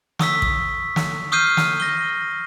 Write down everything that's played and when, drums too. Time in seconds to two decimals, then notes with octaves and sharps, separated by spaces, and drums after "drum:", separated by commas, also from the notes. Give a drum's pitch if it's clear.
0.19 C#6 D#6 E6 B6, drum: snare
0.42 drum: kick
0.96 drum: snare
1.32 C#6 D#6 F6 G6 C7 D#7
1.57 drum: snare
1.80 A#6 G7